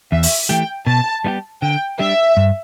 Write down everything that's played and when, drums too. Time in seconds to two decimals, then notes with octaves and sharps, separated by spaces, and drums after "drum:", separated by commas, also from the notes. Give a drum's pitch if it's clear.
0.12 E2 E5
0.23 drum: open hi-hat
0.49 E3 A3 G4 G5
0.87 B2 A5
1.24 G3 B3 E4 G4
1.62 D3 G5
1.99 G3 D4 G4 E5
2.37 G2